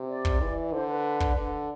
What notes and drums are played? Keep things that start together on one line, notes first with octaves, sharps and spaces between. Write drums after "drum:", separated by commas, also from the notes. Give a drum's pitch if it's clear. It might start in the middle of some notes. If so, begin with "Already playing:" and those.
Already playing: C3
D5
drum: kick
E3
D3 C5
B4
drum: kick
D3